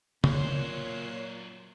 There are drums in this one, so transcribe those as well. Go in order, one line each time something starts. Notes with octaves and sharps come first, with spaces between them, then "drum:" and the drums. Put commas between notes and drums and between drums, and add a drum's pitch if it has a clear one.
F#2 A#2 C5 C#5 F#6 C7, drum: tom